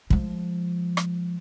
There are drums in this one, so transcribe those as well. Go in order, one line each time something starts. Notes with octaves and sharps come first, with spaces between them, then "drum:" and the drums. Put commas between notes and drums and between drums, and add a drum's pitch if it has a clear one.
F3 G#3, drum: kick
drum: rim click